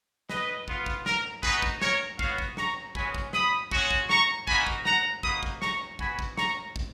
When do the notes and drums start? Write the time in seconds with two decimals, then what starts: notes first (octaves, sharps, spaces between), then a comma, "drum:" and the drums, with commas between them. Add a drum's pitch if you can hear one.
0.29 B4 D#5, drum: snare
0.68 B3 F4, drum: kick
0.86 drum: kick
1.06 A#4, drum: snare
1.43 B3 D#4 F#4 G#4 B4, drum: kick
1.62 drum: kick
1.82 A#4 C#5, drum: snare
2.19 B3 F#4 C#5 F5, drum: kick
2.38 drum: kick
2.57 A#5 C#6, drum: snare
2.95 G#3 C#4 F#4 G#5 B5, drum: kick
3.14 drum: kick
3.33 B5 D#6, drum: snare
3.71 G#3 C#4 F#4, drum: kick
3.91 drum: kick
4.10 A#5 C#6, drum: snare
4.47 A#3 D#4 F#4 G#5 B5, drum: kick
4.67 drum: kick
4.85 F#5 A#5, drum: snare
5.23 A#3 D#4 F#4 B5 D#6, drum: kick
5.43 drum: kick
5.62 A#5 C#6, drum: snare
5.99 B3 F#4 G#5 B5, drum: kick
6.19 drum: kick
6.38 A#5 C#6, drum: snare
6.76 drum: kick